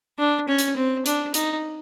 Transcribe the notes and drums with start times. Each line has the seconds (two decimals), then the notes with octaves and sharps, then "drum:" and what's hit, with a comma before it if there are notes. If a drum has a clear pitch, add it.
0.19 D4
0.48 C#4
0.58 drum: hi-hat
0.76 C4
1.06 D4, drum: hi-hat
1.34 D#4, drum: hi-hat